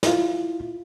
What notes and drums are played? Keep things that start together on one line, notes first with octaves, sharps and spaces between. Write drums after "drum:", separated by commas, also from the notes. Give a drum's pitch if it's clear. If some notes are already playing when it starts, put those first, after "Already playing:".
E4 F4, drum: snare